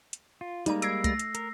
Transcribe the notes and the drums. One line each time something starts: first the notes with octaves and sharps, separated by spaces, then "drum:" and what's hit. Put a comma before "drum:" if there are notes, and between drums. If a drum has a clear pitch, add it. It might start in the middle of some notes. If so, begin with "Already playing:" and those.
drum: hi-hat
F4
G3 G#3 A#3 D#4 D5 A#5, drum: hi-hat
E6 G#6 A#6 C7 D7, drum: hi-hat
A3 A#6, drum: kick, hi-hat
drum: hi-hat
A#4, drum: hi-hat